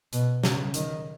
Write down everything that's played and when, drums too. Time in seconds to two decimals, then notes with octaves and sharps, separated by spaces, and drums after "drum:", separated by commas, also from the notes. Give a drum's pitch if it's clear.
0.13 B2, drum: hi-hat
0.44 C#3, drum: snare
0.74 D#3, drum: hi-hat